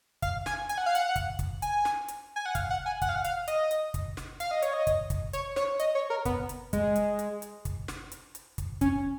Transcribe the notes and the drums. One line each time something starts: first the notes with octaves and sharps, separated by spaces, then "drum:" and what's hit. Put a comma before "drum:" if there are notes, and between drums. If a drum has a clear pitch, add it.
F5, drum: kick, hi-hat
G#5, drum: snare
G#5, drum: hi-hat
F#5
F5
F#5, drum: hi-hat
drum: kick, hi-hat
drum: kick, hi-hat
G#5, drum: hi-hat
drum: snare
drum: hi-hat
G#5
F#5
F5, drum: kick, hi-hat
F#5
G#5
F#5, drum: kick, hi-hat
F5
F#5
F5, drum: hi-hat
D#5, drum: hi-hat
drum: hi-hat
drum: kick, hi-hat
drum: snare
F5, drum: hi-hat
D#5
C#5, drum: hi-hat
D#5
drum: kick, hi-hat
drum: kick, hi-hat
C#5, drum: hi-hat
C#5, drum: snare
D#5, drum: hi-hat
C#5
A#4
B3, drum: kick, hi-hat
drum: hi-hat
G#3, drum: kick, hi-hat
drum: hi-hat
drum: hi-hat
drum: hi-hat
drum: kick, hi-hat
drum: snare
drum: hi-hat
drum: hi-hat
drum: kick, hi-hat
C#4, drum: kick, hi-hat